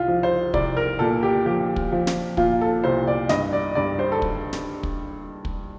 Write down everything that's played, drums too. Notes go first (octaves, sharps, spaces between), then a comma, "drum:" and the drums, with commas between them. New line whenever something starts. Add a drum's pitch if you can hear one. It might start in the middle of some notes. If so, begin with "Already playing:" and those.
Already playing: C2 F4
F3
C5
C2 D5, drum: kick
A#4
A#2 A4
G4
F3 G4
drum: kick
F3
drum: snare
A#2 F4, drum: kick
A4
C2 C5
D5
G2 D#5, drum: snare
D5
G2 D5
C5
A4
drum: kick
drum: snare
drum: kick
drum: kick